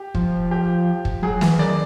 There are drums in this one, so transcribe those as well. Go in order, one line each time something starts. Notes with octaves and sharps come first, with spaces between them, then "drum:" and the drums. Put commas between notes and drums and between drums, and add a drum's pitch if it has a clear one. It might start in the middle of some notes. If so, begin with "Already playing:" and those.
Already playing: G4
F3, drum: kick
G4
drum: kick
F#3 G#4
E3, drum: snare
D#3 D5